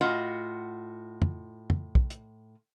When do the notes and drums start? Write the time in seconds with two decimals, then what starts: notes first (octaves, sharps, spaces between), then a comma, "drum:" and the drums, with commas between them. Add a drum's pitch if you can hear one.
0.01 A2 F4 F#4 D#5 F#5
1.22 drum: tom
1.70 drum: tom
1.95 drum: kick
2.10 drum: hi-hat